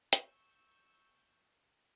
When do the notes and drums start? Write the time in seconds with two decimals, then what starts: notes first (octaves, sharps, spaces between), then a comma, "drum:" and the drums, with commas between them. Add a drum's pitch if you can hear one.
0.13 C#6 E6 G6, drum: hi-hat